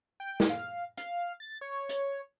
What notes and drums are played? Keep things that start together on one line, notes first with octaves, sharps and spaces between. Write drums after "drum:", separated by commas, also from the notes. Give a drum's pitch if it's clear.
G5
drum: snare
F5
F5, drum: hi-hat
A6
C#5
drum: hi-hat